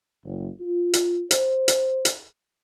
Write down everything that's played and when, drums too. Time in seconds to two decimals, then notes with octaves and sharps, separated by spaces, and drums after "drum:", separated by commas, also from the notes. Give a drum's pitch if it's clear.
0.24 F#1
0.60 F4
0.93 drum: hi-hat
1.31 C5, drum: hi-hat
1.68 drum: hi-hat
2.05 drum: hi-hat